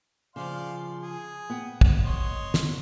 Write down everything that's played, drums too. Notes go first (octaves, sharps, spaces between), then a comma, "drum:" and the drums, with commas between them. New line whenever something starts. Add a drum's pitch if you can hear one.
C#3 F3 D5 F5 C6
G#4
B3 F#5 G5
drum: kick
C#5 D#5 C6
drum: snare